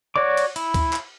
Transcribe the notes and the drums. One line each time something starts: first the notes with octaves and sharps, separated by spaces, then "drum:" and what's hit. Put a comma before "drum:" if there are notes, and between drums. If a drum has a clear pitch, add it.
F#4 C#5 D5 D6
drum: cymbal
E4, drum: cymbal
drum: kick D2, cymbal
drum: clap